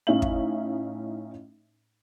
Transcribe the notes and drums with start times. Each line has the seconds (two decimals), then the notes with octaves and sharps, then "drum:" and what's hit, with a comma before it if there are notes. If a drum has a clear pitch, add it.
0.07 A2 C#4 D#4 E5 F5 F#7
0.22 drum: kick